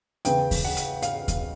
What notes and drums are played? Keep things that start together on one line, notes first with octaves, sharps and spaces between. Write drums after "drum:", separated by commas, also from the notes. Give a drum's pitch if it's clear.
E2 C#3 E3 G5, drum: hi-hat
drum: kick D#2, open hi-hat
F#5
drum: hi-hat
F5, drum: hi-hat
drum: kick D#2, hi-hat